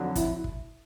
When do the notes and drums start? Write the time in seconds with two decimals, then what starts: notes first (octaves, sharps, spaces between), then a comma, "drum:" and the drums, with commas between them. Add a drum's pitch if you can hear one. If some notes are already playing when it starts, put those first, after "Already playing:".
Already playing: F2 D3 F#3
0.15 E4, drum: kick, hi-hat
0.44 drum: kick